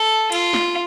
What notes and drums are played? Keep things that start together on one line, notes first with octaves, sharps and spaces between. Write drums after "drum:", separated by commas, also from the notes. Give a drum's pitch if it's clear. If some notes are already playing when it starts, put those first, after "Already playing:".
Already playing: A4
F4, drum: cymbal
drum: snare